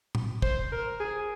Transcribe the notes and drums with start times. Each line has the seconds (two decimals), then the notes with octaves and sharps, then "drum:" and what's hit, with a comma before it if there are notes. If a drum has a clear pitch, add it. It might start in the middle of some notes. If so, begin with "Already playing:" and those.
0.15 drum: tom
0.42 C5, drum: kick
0.72 A#4
1.00 G#4